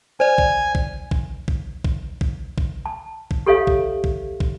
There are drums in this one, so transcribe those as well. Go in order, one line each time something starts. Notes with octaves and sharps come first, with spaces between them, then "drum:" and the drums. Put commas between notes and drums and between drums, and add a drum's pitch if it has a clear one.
C5 D5 G#5
drum: kick
drum: kick
drum: kick
drum: kick
drum: kick
drum: kick
drum: kick
A5
drum: kick
G4 A4 C#5 E5 F5
drum: kick
drum: kick
drum: kick